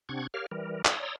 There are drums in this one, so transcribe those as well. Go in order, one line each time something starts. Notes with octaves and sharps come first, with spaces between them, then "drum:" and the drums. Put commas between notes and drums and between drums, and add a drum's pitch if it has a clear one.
C3 C4 D4 F#5 C#6 G#6
G4 A#4 C#5 F5 F6
E3 G3 A#4
C#5 D5 A#5 C6 D#6 E6, drum: clap